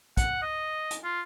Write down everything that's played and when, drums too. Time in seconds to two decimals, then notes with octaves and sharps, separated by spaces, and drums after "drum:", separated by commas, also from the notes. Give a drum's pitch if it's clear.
0.17 F#5, drum: kick, hi-hat
0.42 D#5
0.91 drum: hi-hat
1.04 F4